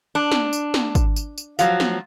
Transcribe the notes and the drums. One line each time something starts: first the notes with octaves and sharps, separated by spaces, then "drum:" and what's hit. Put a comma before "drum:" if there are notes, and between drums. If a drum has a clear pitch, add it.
D4
drum: snare
drum: tambourine
drum: snare
drum: kick, tambourine
drum: tambourine
drum: tambourine
F3 F#3 F5, drum: tambourine
drum: snare